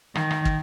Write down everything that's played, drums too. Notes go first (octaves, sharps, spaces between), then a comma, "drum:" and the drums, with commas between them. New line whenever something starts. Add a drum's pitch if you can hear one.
D#3, drum: rim click
drum: rim click
drum: kick